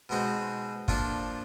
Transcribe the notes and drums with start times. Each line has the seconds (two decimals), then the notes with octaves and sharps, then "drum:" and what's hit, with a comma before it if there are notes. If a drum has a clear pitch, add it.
0.09 B2 G#3 C4 D#4 F#4
0.88 F3 A#3 D4 F4 A4, drum: kick